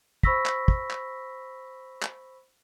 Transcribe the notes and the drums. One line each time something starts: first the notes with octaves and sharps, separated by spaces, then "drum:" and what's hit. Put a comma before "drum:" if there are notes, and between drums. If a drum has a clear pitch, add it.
C5 B5 C#6 E6 A#6 B6, drum: kick
drum: clap
drum: kick
drum: clap
drum: clap